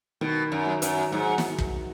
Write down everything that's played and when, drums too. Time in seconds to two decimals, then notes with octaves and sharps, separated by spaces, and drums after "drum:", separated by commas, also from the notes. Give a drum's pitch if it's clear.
0.21 B2 D#3
0.52 F#2
0.66 F#3
0.82 F#2, drum: hi-hat
1.12 G#2 F#3
1.38 drum: snare
1.58 drum: kick